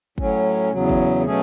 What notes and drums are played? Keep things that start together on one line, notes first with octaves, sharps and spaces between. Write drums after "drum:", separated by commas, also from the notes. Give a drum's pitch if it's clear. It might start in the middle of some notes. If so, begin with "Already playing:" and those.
A2 F#3 C#4, drum: kick
E2 C#3 F#3
drum: kick
B2 F#3 A3 C#4 G#4